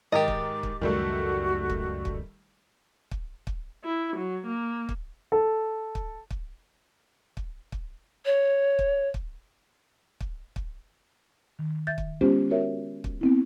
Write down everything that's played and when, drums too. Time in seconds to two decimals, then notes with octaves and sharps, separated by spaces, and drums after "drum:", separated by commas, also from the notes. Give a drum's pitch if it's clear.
0.12 G#2 D#3 G4 A#4 D#5 D6 A6
0.28 drum: kick
0.63 drum: kick
0.81 C#2 F#2 D#3 G3 A3 F#4
1.70 drum: kick
2.05 drum: kick
3.11 drum: kick
3.47 drum: kick
3.84 E4
4.17 F#3
4.46 A#3
4.89 drum: kick
5.32 A4
5.95 drum: kick
6.30 drum: kick
7.37 drum: kick
7.72 drum: kick
8.25 C#5
8.79 drum: kick
9.14 drum: kick
10.20 drum: kick
10.56 drum: kick
11.59 D#3
11.87 E5 G6 A6
11.98 drum: kick
12.21 G#3 B3 C#4 F4 G4 C5
12.50 F4 F#4 A#4 C#5 E5
13.04 drum: kick
13.21 B3 C4 E4